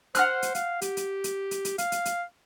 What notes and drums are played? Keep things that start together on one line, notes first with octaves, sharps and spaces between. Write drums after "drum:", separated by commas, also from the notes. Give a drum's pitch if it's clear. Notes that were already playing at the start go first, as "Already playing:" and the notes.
C5 F#5 F6 F#6, drum: hi-hat
drum: hi-hat
F5, drum: hi-hat
G4, drum: hi-hat
drum: hi-hat
drum: hi-hat
drum: hi-hat
drum: hi-hat
F5, drum: hi-hat
drum: hi-hat
drum: hi-hat